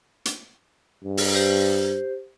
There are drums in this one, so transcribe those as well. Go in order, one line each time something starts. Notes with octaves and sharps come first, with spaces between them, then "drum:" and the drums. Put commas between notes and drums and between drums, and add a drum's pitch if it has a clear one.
drum: hi-hat
G2
drum: open hi-hat
G4 C5